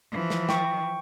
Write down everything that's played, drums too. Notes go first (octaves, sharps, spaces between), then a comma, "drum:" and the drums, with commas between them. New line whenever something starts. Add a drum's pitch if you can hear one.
E3 F3
drum: snare
G5 C#6, drum: snare